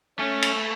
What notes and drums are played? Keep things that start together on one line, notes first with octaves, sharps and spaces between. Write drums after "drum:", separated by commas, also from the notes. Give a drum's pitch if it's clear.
A3 C#4
drum: cymbal